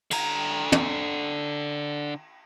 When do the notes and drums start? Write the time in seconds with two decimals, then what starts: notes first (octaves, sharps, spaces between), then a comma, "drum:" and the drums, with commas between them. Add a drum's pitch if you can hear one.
0.11 D3 A#5, drum: cymbal
0.72 drum: tom